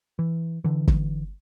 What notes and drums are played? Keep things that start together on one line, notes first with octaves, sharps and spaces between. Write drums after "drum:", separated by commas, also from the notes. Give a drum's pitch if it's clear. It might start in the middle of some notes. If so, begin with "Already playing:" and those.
E3
D3 E3
drum: kick